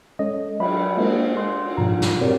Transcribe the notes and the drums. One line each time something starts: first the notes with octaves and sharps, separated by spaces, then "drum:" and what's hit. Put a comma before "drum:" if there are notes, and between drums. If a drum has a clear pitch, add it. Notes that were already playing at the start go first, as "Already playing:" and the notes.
G#3 C#4 A4 C#5 D#5
F#3 D#5 E5 B5, drum: cymbal
G#3 A#3 A#4 C5 D#5, drum: cymbal
C6
drum: cymbal
G#2 B2 F3 F4 A#5
drum: snare
C4 F#4 G4 A#4 C#5 D5